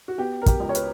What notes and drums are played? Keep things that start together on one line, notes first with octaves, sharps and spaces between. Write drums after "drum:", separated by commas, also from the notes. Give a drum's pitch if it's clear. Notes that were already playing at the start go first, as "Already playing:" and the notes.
F#4
B3 G4
A#4
G4, drum: kick, hi-hat
C#2
C#5
B4, drum: hi-hat